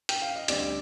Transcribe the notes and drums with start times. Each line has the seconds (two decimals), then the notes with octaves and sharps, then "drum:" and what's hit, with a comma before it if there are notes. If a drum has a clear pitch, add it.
0.09 G5, drum: hi-hat
0.22 F5
0.36 D#5
0.48 D2 D3 G3 C4 D5, drum: hi-hat